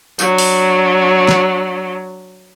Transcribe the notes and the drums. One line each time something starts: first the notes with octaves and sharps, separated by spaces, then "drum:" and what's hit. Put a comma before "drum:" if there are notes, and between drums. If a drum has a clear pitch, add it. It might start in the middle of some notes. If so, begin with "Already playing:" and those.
F#3 D4, drum: tambourine
drum: open hi-hat
drum: snare